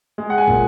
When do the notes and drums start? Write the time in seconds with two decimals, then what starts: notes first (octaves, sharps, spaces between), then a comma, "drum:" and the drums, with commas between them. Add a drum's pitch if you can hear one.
0.18 G#3
0.30 F#5
0.38 G#5
0.48 A#2, drum: kick